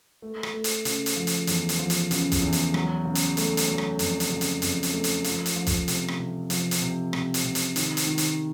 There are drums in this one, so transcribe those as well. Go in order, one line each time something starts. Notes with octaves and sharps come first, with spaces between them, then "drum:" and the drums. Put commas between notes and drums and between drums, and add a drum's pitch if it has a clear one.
A3
drum: rim click
A3
drum: hi-hat
C#3, drum: hi-hat
drum: hi-hat
F3
drum: hi-hat
E2, drum: hi-hat
drum: hi-hat
F3
drum: hi-hat
C#3, drum: hi-hat
drum: kick, hi-hat
E2
drum: hi-hat
F#3, drum: rim click
C#3
drum: hi-hat
A3, drum: hi-hat
drum: hi-hat
F#3
drum: rim click
F2, drum: hi-hat
drum: hi-hat
C#3
drum: hi-hat
F2, drum: hi-hat
drum: hi-hat
A3
drum: hi-hat
F3, drum: hi-hat
drum: hi-hat
F3
drum: kick, hi-hat
C3, drum: hi-hat
drum: rim click
C3
F3, drum: hi-hat
drum: hi-hat
C3
C3, drum: rim click
drum: hi-hat
C3
drum: hi-hat
D#3, drum: hi-hat
drum: hi-hat
D#3
drum: hi-hat